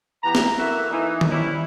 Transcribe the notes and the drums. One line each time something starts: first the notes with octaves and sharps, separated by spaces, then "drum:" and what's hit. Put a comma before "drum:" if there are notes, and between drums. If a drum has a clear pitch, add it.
E3 B3 G4 A#5
drum: snare
A#3 E4 F#4 A4 E5
E3 D#4
drum: tom D#3
E3 F3 G3 C#4 E4